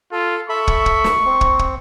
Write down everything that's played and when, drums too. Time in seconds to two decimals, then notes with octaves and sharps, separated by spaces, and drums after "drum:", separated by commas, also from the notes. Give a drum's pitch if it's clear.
0.12 F4 A4
0.49 A4 E5 B5 C#6
0.68 drum: kick
0.86 drum: kick
1.04 drum: snare
1.26 C4
1.41 drum: kick
1.59 drum: kick